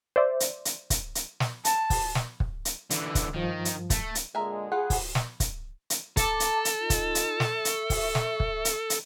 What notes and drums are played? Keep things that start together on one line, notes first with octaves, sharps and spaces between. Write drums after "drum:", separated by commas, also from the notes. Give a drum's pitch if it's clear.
C5 D5 E5
drum: hi-hat
drum: hi-hat
drum: kick, hi-hat
drum: hi-hat
drum: snare
A5, drum: hi-hat
drum: kick, open hi-hat
drum: snare
drum: kick
drum: hi-hat
D3 E3, drum: hi-hat
drum: kick, hi-hat
G2 D#3 F3
drum: hi-hat
A3, drum: kick, hi-hat
drum: hi-hat
A#2 D3 G#3 A#4 E5 G#5
G3 F4 G#4 F#5
drum: kick, open hi-hat
drum: snare
drum: kick, hi-hat
drum: hi-hat
A4 A5 A#5 D6, drum: kick, hi-hat
drum: hi-hat
drum: hi-hat
D#4 F4
drum: kick, hi-hat
drum: hi-hat
drum: snare
E5 C#6
drum: hi-hat
drum: kick, open hi-hat
drum: snare
drum: kick
drum: hi-hat
drum: hi-hat